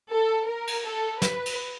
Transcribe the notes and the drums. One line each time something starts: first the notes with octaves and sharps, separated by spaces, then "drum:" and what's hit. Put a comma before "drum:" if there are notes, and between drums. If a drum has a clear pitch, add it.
A4
A#4
drum: cymbal
A4
B4, drum: snare
drum: cymbal